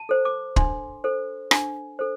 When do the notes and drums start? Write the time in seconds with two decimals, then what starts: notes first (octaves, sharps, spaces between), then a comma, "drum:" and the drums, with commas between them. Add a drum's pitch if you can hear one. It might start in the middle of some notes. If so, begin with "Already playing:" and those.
Already playing: A5
0.09 A4 C5
0.25 D6
0.56 D4 C6, drum: kick
1.04 A4 C5
1.51 D4, drum: rim click
1.99 A4 C5